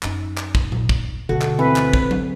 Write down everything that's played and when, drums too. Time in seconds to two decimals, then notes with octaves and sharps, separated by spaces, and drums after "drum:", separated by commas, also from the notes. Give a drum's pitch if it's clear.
0.03 F#2 D#4, drum: clap
0.37 drum: clap
0.55 drum: kick
0.72 drum: tom A#2
0.89 drum: kick
1.29 D2 B2 D3 F#4 A4
1.41 drum: clap
1.59 E3 C4 B4
1.76 drum: clap
1.93 drum: kick
2.11 drum: tom F#3